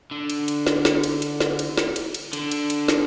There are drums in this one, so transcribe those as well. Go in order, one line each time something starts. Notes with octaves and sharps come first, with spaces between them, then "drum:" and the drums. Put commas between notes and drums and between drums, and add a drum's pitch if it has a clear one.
D3
drum: cymbal
drum: cymbal
drum: snare
drum: snare
drum: cymbal
drum: cymbal
drum: snare
drum: cymbal
drum: snare
drum: cymbal
drum: cymbal
D3, drum: cymbal
drum: cymbal
drum: cymbal
drum: snare